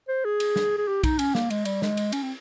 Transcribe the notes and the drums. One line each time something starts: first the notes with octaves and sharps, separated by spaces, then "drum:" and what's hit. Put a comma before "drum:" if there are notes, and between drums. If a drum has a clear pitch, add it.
C5
G#4
drum: cymbal
drum: snare
G#4
G4
D#4, drum: kick B1, cymbal
C#4, drum: cymbal
A#3, drum: snare
G#3, drum: cymbal
G3, drum: cymbal
G#3, drum: snare
drum: cymbal
C#4, drum: cymbal
C4